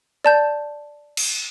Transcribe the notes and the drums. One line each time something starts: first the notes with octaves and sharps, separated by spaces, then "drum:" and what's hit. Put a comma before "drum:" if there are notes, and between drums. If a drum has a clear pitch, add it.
D5 A5 G6
drum: cymbal